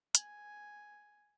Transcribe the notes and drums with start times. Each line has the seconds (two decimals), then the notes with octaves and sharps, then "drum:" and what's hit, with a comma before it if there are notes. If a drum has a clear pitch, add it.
0.15 G#5, drum: hi-hat